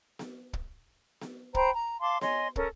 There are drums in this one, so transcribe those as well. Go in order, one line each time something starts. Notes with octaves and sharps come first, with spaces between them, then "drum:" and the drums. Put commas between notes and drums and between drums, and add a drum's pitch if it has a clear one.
drum: snare B3
drum: kick
drum: snare B3
C5 G5 A#5 B5, drum: kick
A#5
F5 A5 C6 D6
C#5 D#5 G#5 C6, drum: snare B3
C#4 A4 A#4, drum: kick